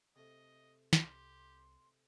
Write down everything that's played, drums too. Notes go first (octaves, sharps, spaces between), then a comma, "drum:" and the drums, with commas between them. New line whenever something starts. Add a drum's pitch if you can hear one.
C3 A3 D#5
C2 G4 C6, drum: snare